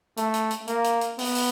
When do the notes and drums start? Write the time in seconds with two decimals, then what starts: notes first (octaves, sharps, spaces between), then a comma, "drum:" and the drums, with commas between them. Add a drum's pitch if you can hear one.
0.17 A3, drum: hi-hat
0.34 drum: hi-hat
0.51 drum: hi-hat
0.68 A#3, drum: hi-hat
0.84 drum: hi-hat
1.01 drum: hi-hat
1.19 B3, drum: open hi-hat
1.35 drum: open hi-hat